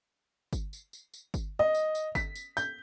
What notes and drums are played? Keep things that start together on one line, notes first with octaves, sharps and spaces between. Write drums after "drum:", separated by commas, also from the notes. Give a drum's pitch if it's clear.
drum: kick G1, tambourine
drum: tambourine
drum: tambourine
drum: tambourine
drum: kick G1, tambourine
D#5
drum: tambourine
drum: tambourine
B6, drum: kick G1, tambourine
drum: tambourine
G6, drum: tambourine